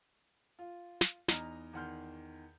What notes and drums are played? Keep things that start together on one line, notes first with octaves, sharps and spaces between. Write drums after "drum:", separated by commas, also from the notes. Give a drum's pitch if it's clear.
F4
drum: snare
E2 D#4 D#5 A#5 F6, drum: snare
E2 D#3 F#5 C6 F6 G6